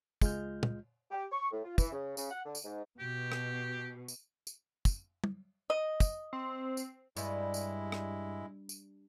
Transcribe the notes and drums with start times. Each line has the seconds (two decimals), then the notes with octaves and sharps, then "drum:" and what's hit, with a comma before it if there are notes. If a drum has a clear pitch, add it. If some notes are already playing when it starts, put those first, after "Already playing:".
0.22 C#2 G#3 F4 D#5 F6 G6, drum: kick, tambourine
0.63 drum: tom
1.11 G4
1.32 C#6
1.51 A2
1.64 F4
1.78 E3, drum: kick, tambourine
1.92 C#3
2.17 C#3, drum: tambourine
2.31 F#5
2.46 D3
2.55 drum: tambourine
2.64 G#2
2.99 B2 G4
3.32 drum: rim click
4.08 drum: tambourine
4.47 drum: tambourine
4.85 drum: kick, tambourine
5.24 drum: tom
5.70 D#5
6.00 drum: kick, tambourine
6.33 C4
6.77 drum: tambourine
7.17 G2 G#3 E4, drum: tambourine
7.54 drum: tambourine
7.92 drum: rim click
8.69 drum: tambourine